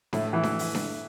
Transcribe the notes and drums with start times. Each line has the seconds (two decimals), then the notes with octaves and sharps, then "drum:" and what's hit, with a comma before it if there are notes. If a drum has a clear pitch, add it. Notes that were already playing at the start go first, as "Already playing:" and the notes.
0.13 A2, drum: snare D4
0.33 E3
0.43 drum: snare D4
0.59 drum: open hi-hat
0.75 drum: snare D4